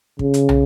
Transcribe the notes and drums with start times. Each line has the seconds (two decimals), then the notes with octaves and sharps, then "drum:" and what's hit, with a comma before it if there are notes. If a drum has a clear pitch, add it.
0.19 C#3, drum: kick
0.34 drum: hi-hat
0.49 drum: tom